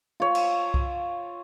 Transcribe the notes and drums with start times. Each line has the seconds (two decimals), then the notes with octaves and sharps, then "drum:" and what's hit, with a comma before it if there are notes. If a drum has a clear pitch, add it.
0.20 F4 C#5
0.35 drum: cymbal
0.74 drum: kick C2